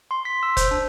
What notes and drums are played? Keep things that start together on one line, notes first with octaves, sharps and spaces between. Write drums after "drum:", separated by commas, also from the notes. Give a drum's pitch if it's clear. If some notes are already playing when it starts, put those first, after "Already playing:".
C6
B6
E6
C5, drum: kick F1, hi-hat
D4